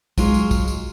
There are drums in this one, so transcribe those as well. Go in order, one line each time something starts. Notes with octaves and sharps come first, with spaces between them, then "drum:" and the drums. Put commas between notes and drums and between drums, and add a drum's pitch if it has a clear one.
F#3 G#3 F4, drum: kick, tambourine
drum: tambourine
drum: kick, tambourine
drum: tambourine